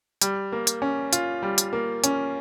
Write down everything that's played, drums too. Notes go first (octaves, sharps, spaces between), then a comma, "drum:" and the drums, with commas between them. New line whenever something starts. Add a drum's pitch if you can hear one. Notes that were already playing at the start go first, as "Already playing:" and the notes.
G3, drum: hi-hat
A#3
drum: hi-hat
C#4
F4, drum: hi-hat
G3
drum: hi-hat
A#3
C#4, drum: hi-hat